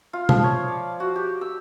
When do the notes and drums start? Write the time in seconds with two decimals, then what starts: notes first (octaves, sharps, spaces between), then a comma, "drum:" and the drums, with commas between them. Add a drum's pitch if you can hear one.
0.13 F4
0.29 F3, drum: tom
0.44 C#5
0.68 D5
1.00 F#4
1.16 G4
1.41 E6